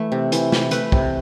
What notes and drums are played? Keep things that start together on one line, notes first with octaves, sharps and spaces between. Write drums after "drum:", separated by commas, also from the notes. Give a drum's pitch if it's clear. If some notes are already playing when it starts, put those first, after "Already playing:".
Already playing: E3 A3
C3
E3, drum: hi-hat
C3, drum: snare
A3 B4, drum: hi-hat
C3, drum: kick